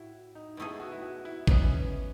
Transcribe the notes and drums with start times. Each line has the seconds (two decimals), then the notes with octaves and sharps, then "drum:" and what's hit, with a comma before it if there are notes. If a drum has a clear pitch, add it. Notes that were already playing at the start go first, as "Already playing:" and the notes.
Already playing: A2 E4 F#4
0.35 D#4
0.57 B2 A3 D#4 E4 G#4
0.80 F#4
0.92 E4
1.03 F#4
1.25 E4
1.47 E3 B3 C#4 D#4, drum: kick